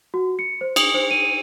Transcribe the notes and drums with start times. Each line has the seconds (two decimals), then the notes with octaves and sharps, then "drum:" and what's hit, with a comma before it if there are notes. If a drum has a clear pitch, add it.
0.14 F#4
0.39 C#7
0.61 C5
0.76 D#6, drum: cymbal
0.94 C5
1.11 D#7